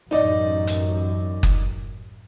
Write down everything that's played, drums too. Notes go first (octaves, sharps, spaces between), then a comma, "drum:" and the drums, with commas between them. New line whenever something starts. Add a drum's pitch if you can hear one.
A1 F#2 D#4 D5 D#5
drum: hi-hat
drum: kick F#1